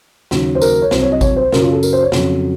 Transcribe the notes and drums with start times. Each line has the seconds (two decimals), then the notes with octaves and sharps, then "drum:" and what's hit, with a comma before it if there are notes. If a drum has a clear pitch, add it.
0.31 D#2 C#3 F#3, drum: snare
0.55 C5
0.62 A#4, drum: tambourine
0.82 C#5
0.91 C2 C3 F#3 C5, drum: snare
1.02 C#5
1.12 D#5
1.21 C#5, drum: kick G#1, tambourine
1.36 C5
1.52 F#2 C#3 F#3 A#4, drum: snare
1.62 F4
1.72 A4
1.83 A#4, drum: tambourine
1.93 C5
2.03 C#5
2.12 F2 C#3 F#3, drum: snare